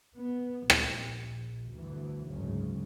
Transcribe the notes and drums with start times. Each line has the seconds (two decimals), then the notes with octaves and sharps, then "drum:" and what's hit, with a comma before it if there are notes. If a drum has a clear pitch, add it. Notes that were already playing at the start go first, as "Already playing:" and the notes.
0.16 B3
0.70 A#1, drum: rim click
1.71 D2 G2 E3
2.29 F#1 D2 G#2 C#3